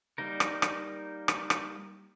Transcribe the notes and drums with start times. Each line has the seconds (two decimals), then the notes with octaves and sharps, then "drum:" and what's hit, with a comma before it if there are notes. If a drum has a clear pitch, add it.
0.18 G3 A#3 D#4 A#4
0.40 drum: rim click
0.62 drum: rim click
1.28 drum: rim click
1.50 drum: rim click